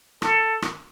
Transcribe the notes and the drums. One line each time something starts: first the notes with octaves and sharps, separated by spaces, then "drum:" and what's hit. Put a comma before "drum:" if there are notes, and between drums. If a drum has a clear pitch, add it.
A4, drum: rim click
drum: rim click